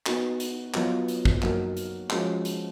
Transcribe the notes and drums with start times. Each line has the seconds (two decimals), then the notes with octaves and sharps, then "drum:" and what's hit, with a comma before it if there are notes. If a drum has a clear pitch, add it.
0.06 B3 D#4 F#4, drum: clap
0.40 drum: hi-hat
0.74 F#3 B3 F4 B4 D#5, drum: clap
1.08 drum: hi-hat
1.25 drum: kick
1.42 F#3 A#3 D#4 F#4 A#4, drum: clap
1.77 drum: hi-hat
2.10 F3 G#3 C#4 F#4, drum: clap
2.45 drum: hi-hat